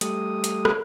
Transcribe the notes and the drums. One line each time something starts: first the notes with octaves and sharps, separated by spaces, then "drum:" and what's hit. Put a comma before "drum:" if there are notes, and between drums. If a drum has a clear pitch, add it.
G3 A3 D#6, drum: hi-hat
drum: hi-hat
drum: rim click